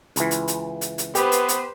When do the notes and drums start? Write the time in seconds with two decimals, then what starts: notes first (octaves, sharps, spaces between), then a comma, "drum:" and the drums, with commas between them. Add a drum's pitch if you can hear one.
0.16 C#2 E3, drum: hi-hat
0.31 drum: hi-hat
0.48 drum: hi-hat
0.81 drum: hi-hat
0.98 drum: hi-hat
1.15 B3 G4 B4 C5, drum: hi-hat
1.32 drum: hi-hat
1.49 drum: hi-hat